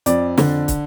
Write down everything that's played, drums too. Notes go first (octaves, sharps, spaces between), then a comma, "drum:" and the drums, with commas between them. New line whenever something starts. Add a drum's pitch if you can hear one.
F2 D5, drum: hi-hat
D3, drum: snare
drum: kick, hi-hat